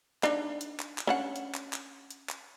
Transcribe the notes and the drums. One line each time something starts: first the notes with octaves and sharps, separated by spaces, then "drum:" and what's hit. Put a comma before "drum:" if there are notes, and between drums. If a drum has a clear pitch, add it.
D4 D#4, drum: clap
drum: hi-hat
drum: clap
drum: clap
C#4 D4 F#5
drum: hi-hat
drum: clap
drum: clap
drum: hi-hat
drum: clap